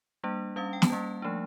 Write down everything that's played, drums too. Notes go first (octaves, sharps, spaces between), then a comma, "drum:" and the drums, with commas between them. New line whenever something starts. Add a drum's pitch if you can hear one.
G3 A#3 D4
G3 C#4 F5
G5
A5, drum: snare
G3 A#3 C#4
F3 A3 D4